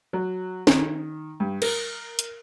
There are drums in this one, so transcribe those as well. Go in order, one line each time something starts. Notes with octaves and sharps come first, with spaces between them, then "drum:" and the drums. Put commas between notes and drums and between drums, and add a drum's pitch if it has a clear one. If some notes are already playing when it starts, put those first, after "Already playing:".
F#3
D#3, drum: snare
G2
A#4, drum: cymbal
drum: hi-hat